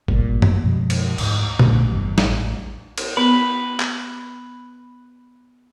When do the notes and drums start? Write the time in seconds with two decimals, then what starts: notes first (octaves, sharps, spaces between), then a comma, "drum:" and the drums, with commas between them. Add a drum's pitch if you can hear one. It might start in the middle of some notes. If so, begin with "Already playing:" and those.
0.08 A1 G2 A#2, drum: kick
0.42 drum: tom F#2
0.64 F#2 B2 F3 G#3
0.90 drum: cymbal
1.18 D2 G#2, drum: cymbal
1.59 A#1 F#2 A2 D3, drum: tom A#2
1.91 G1 E2 G2
2.18 A1, drum: snare
2.98 drum: cymbal
3.17 B3 B4
3.80 drum: clap